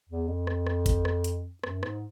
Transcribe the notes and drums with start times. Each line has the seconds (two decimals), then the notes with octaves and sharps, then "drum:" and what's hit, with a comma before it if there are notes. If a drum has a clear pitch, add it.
0.09 E2
0.28 F2
0.47 drum: rim click
0.67 drum: rim click
0.86 drum: kick, hi-hat
1.05 drum: rim click
1.24 drum: hi-hat
1.64 F#2, drum: rim click
1.83 G#2, drum: rim click